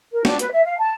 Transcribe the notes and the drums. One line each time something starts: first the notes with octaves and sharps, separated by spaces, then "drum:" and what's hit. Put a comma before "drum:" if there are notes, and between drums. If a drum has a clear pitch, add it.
A#4
D4, drum: snare
B4, drum: hi-hat
E5
F5
A5